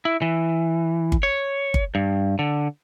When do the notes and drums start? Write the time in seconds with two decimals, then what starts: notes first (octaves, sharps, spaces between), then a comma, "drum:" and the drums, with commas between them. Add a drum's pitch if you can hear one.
0.05 E4
0.22 E3
1.12 drum: kick G1
1.23 C#5
1.74 drum: kick G1
1.95 G2
2.39 D3